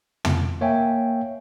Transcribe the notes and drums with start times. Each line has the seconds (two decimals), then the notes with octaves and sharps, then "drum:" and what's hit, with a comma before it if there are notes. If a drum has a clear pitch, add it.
0.25 F2, drum: tom
0.61 A#3 C#5 E5 G5 G#5